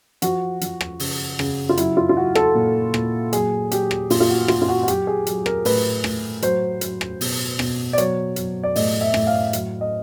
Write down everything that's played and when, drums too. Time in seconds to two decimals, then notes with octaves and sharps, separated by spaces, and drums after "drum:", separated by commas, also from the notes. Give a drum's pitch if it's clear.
0.22 F3 F#4, drum: hi-hat
0.61 F3, drum: hi-hat
0.81 drum: rim click
1.00 C#3, drum: open hi-hat
1.39 C#3, drum: rim click
1.69 F4
1.77 F#3 E4, drum: hi-hat
1.97 F4
2.09 F4
2.16 F#3 F#4
2.35 A4, drum: rim click
2.55 A#2
2.94 A#2, drum: rim click
3.33 F#3 G#4, drum: hi-hat
3.71 F#3 G4, drum: hi-hat
3.91 drum: rim click
4.10 A#2 F4, drum: open hi-hat
4.20 F4
4.29 F#4
4.48 A#2 F4, drum: rim click
4.62 F4
4.69 F#4
4.83 F#4
4.88 F#3 G4, drum: hi-hat
5.07 G#4
5.27 F#3, drum: hi-hat
5.46 A#4, drum: rim click
5.65 A2 B4, drum: open hi-hat
6.04 A2, drum: rim click
6.42 F#3 C5, drum: hi-hat
6.81 F#3, drum: hi-hat
7.01 drum: rim click
7.21 B2, drum: open hi-hat
7.59 B2, drum: rim click
7.93 D5
7.98 F#3 C#5, drum: hi-hat
8.36 F#3, drum: hi-hat
8.63 D5
8.76 A2 D#5, drum: open hi-hat
9.01 E5
9.14 A2, drum: rim click
9.27 F5
9.53 F#3, drum: hi-hat
9.81 D#5